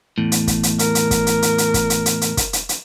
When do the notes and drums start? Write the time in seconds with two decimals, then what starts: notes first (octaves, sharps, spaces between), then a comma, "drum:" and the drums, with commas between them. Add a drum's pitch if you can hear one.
0.18 E2 A2
0.32 drum: hi-hat
0.48 drum: kick, hi-hat
0.63 drum: hi-hat
0.79 A#4, drum: hi-hat
0.95 drum: hi-hat
1.11 drum: kick, hi-hat
1.27 drum: hi-hat
1.42 drum: hi-hat
1.58 drum: hi-hat
1.74 drum: kick, hi-hat
1.90 drum: hi-hat
2.06 drum: hi-hat
2.21 drum: hi-hat
2.37 drum: kick, hi-hat
2.53 drum: hi-hat
2.69 drum: hi-hat